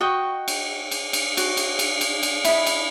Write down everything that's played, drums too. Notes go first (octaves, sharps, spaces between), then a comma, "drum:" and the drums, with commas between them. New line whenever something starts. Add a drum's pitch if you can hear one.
F#4 D#5 G5 C#6
drum: cymbal
drum: cymbal
drum: cymbal
F#4, drum: cymbal
drum: cymbal
drum: cymbal
drum: cymbal
drum: cymbal
E4 D#5 B5, drum: cymbal
drum: cymbal